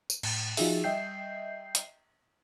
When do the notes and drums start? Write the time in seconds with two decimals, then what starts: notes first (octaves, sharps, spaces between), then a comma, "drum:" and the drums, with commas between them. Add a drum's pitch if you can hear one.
0.10 drum: tambourine
0.23 A2, drum: cymbal
0.57 F3 D#4 F4 F#4 G#4 E5, drum: open hi-hat
0.84 G3 D#5 E5 G5 G6 C7
1.75 drum: hi-hat